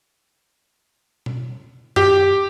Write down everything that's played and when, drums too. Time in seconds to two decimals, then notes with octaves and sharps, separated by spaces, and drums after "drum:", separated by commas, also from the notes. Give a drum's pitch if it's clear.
1.26 drum: tom B2
1.96 G4, drum: tom F#2